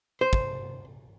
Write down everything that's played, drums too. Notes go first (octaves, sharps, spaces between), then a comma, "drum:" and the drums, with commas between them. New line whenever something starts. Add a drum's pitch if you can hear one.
C5
drum: kick